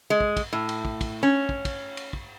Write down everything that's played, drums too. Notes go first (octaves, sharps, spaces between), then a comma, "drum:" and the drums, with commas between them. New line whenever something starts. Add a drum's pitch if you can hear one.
G#3
drum: kick
drum: kick, cymbal
A2
drum: cymbal
drum: kick
drum: kick, cymbal
C#4
drum: kick
drum: kick, cymbal
drum: cymbal
drum: kick